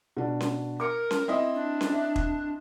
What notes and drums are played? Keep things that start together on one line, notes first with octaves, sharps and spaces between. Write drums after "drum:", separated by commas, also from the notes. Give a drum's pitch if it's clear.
B2 D4
drum: snare C#4
A#4 D6 C#7
drum: snare C#4
C4 E4 D#5
D4
drum: snare C#4
E5
drum: kick